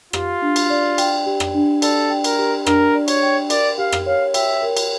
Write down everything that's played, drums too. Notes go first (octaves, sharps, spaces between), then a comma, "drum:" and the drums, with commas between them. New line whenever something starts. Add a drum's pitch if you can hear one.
F4 G4, drum: rim click
D4
drum: cymbal
D5
G5, drum: cymbal
G4
drum: rim click
D4
A4 D5, drum: cymbal
G5
A#4, drum: cymbal
G4
D4 A#4, drum: rim click
D5
C#5, drum: cymbal
G5
A#4 D5, drum: cymbal
G4 F5
drum: rim click
C#5 F5
E5 G5, drum: cymbal
A#4
drum: cymbal